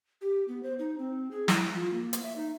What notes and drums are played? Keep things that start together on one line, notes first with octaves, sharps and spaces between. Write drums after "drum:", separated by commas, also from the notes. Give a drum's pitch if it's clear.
G4
B3
C5
D#4
C4
G#4
E4, drum: snare
F4
A#3
drum: hi-hat
E5
D#4